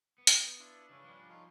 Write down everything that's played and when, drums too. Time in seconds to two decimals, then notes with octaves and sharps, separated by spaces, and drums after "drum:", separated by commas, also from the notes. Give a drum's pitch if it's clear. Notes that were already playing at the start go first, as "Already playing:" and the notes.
0.18 B3
0.27 drum: hi-hat
0.60 D4 E4 F4 A5 C6
0.90 C#3 E3 B4 C#5 E5 F5
1.04 F3 G3 C#4
1.29 D#4 F4 A4 C#5